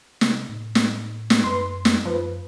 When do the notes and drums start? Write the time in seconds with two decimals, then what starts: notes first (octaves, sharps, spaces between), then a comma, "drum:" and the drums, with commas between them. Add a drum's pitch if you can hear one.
0.21 C3, drum: snare
0.49 A2
0.75 drum: snare
1.30 drum: snare
1.44 F#2 B4 C6
1.85 drum: snare
2.05 F#2 F3 B4